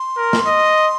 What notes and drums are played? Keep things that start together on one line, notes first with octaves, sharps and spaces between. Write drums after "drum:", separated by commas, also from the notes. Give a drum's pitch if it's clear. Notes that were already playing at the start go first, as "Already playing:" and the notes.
Already playing: C6
A#4
drum: snare
D#5